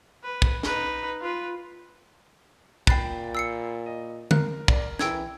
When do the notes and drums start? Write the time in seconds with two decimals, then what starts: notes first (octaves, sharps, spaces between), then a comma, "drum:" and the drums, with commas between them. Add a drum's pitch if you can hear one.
0.24 B4
0.42 drum: kick
0.63 D#4 B4, drum: snare
1.21 F4 B4
2.87 A#2 G5 B5 F#6 A6 C7, drum: kick
3.35 E6 C7 C#7
3.86 D#5
4.31 A#4 F#6, drum: tom
4.68 D5, drum: kick
4.99 E3 G5 E6 G#6, drum: snare